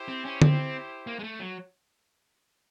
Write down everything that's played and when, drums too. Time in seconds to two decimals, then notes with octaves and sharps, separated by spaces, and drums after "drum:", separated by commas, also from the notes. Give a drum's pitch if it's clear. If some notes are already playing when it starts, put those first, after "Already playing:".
Already playing: E4 G4 C5
0.08 C4
0.25 C#4
0.42 C4, drum: tom D3
1.07 A#3
1.19 G#3
1.24 A3
1.39 F#3